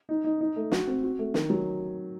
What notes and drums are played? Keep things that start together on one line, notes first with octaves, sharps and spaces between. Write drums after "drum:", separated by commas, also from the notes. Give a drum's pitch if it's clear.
D#4
D#4
D#4
A3
F#4, drum: snare
C4
F#4
A3
D#3, drum: snare
F#3